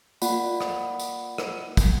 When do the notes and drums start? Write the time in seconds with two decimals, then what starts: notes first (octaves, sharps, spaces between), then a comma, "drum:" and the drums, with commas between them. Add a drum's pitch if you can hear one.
0.22 A#3 F4 D5 F#5 B5, drum: tambourine
0.61 drum: rim click
0.99 drum: tambourine
1.38 drum: rim click
1.77 drum: kick, tambourine